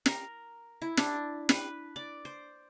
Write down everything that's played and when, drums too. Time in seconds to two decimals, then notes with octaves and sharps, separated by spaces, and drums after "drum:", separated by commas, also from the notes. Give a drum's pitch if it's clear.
0.06 A#4, drum: snare
0.82 E4
0.97 D4, drum: snare
1.49 B4, drum: snare
1.96 D5
2.25 C5